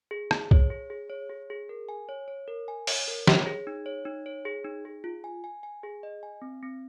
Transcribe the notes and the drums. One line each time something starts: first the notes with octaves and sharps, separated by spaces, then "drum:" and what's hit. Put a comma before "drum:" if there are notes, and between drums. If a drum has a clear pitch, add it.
G#4
G#4, drum: rim click
C#5, drum: kick
G#4
G#4
C#5
G#4
G#4
A#4
G#5
C#5
C#5
A#4
G#5
C#5, drum: open hi-hat
A#4
C#5, drum: snare
G#4
D#4
C#5
D#4
C#5
G#4
D#4
G#4
F4
G#5
G#5
G#5
G#4
D#5
G#5
C4
C4